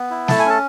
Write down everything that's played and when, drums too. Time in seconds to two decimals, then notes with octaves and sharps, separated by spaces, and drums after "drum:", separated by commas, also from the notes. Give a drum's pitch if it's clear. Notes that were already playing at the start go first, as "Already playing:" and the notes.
Already playing: B3
0.10 E4
0.28 A3 A5, drum: snare
0.39 G#5
0.46 C#4 A4 A5